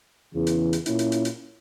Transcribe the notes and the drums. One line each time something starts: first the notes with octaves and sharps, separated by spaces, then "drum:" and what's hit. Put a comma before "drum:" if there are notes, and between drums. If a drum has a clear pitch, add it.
E2 C#3 E3
drum: hi-hat
drum: hi-hat
A#2 A#3 C#4 E4, drum: hi-hat
drum: hi-hat
drum: hi-hat
drum: hi-hat